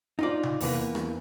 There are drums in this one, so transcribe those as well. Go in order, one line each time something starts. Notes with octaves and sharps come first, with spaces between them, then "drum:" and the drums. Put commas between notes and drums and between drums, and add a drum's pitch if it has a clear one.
D#4 F4 D5
drum: tom C3
E2 E3 A#3 B4, drum: open hi-hat
drum: rim click